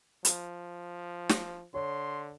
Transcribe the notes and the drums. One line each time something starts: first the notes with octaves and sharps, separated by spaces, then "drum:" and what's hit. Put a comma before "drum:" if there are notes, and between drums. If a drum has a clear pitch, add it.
F3, drum: hi-hat
drum: snare
D3 C#5 C6